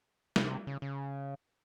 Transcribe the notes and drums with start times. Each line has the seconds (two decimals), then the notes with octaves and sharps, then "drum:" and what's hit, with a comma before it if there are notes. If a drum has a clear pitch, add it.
0.36 C3, drum: snare
0.67 C#3
0.82 C#3